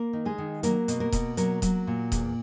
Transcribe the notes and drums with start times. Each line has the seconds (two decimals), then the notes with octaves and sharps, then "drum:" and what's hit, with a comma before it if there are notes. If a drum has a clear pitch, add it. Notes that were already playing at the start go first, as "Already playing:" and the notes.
Already playing: A#3 A#4
0.13 D#3
0.25 G#3 G#4
0.38 D#3
0.63 F#3 A#3 A#4, drum: hi-hat
0.88 B2, drum: hi-hat
1.00 A#3 A#4
1.12 B2, drum: kick D#1, hi-hat
1.37 F#3 A#3 A#4, drum: hi-hat
1.62 F#3, drum: kick D#1, hi-hat
1.87 A#2
2.12 E2, drum: kick D#1, hi-hat